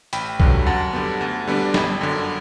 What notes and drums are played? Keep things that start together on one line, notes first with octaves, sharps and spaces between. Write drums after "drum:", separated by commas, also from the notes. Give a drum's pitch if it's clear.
A1 G5 B5, drum: hi-hat
G2 D3 F#3, drum: kick B1
F#2 F#5 A5
D3 G3 B3
D2
D3 G3 B3 D4
G1 G5 B5, drum: snare
F#2 D3